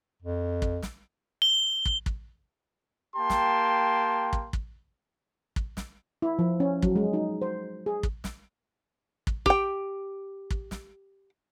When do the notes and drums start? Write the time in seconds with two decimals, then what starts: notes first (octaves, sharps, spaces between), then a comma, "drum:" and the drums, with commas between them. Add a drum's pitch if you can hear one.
0.23 F2
0.62 drum: kick
0.83 drum: snare
1.42 G7
1.85 drum: kick
2.06 drum: kick
3.16 A#3 G4 G5 A5 C6
3.30 drum: snare
4.33 drum: kick
4.53 drum: kick
5.56 drum: kick
5.77 drum: snare
6.22 E4
6.39 F3
6.60 C#4
6.82 F#3, drum: kick
6.96 G#3
7.13 D#4
7.42 C5
7.86 G#4
8.03 drum: kick
8.24 drum: snare
9.27 drum: kick
9.46 G4 G5, drum: kick
10.50 drum: kick
10.71 drum: snare